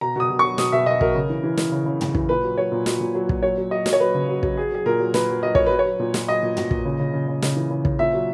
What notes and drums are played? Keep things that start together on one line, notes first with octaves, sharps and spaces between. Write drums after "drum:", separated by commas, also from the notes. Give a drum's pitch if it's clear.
B2 A#5
B2 D#6
B2
F#3 C#6
B2 D#6, drum: snare
B2 E5
B2 D#5
B2 A#4, drum: kick
C#3
E3
E3
E3, drum: snare
C#3
C#3
C#3, drum: tom
E3, drum: kick
A#2 B4
F#3
F#3 C#5
A#2
F#3, drum: snare
A#2
F#3
A#2, drum: kick
F#3 C#5
F#3
F#3 D#5
F#3, drum: snare
C#5
F#3 B4
C#3
F#3
F#3, drum: kick
F#3 G#4
F#3 G#4
A#2 A#4
F#3
A#2 B4, drum: snare
F#3
F#3 D#5
F#3 C#5, drum: kick
F#3 B4
C#5
F#3
A#2
A#2, drum: snare
F#3 D#5
A#2
F#3, drum: tom
A#2, drum: kick
C#3
C#3
C#3
C#3
C#3, drum: snare
E3
C#3
C#3, drum: kick
A#2 E5
F#3